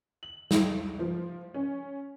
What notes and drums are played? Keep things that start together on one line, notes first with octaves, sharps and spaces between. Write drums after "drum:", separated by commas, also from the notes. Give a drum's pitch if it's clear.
F#7
drum: snare
F3
C#4